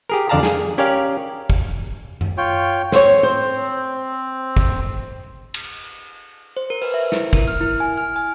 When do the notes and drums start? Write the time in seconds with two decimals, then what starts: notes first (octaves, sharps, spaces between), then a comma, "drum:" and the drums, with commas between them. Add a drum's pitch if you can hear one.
0.09 G4 G#4 A#4
0.29 F2 D3 D5 F5 A5 A#5
0.43 G#4, drum: snare
0.78 C#4 G4 A#4 D5 F5
1.50 drum: kick
2.21 drum: tom F#2
2.38 F4 C#5 G5
2.92 C4 C5 C#5, drum: snare
3.23 C5
4.57 drum: kick
5.54 drum: cymbal
6.57 C5
6.70 A#4
6.82 B4, drum: open hi-hat
6.94 E5
7.12 E4, drum: snare
7.33 A#4, drum: kick
7.48 F6
7.61 E4
7.80 G#5
7.97 F6
8.16 G#5